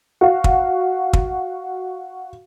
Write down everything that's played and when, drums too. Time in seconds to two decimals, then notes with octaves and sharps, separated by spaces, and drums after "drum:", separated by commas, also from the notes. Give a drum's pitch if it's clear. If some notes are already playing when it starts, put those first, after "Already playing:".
0.21 F#4 F5
0.44 drum: kick
1.13 drum: kick